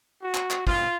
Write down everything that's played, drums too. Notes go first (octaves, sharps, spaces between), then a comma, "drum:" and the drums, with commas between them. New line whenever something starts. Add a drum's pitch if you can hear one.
F#4
drum: clap
drum: clap
F4, drum: kick